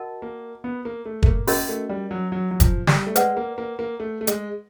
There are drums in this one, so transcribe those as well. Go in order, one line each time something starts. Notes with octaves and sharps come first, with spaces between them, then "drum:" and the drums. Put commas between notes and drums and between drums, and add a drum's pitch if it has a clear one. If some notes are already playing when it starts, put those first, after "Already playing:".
Already playing: F#4 A#4 D#5 F#5 A5
A#3
B3
A#3
A3
A3, drum: kick
A#3
A#3 C#4 F#4 A#4 D#5, drum: open hi-hat
A3
G3
F#3
F#3
F#3
F3, drum: kick, hi-hat
G3, drum: snare
A3
G#3 B4 D5 F#5, drum: hi-hat
A#3
A#3
A#3
A3
A3
G#3, drum: hi-hat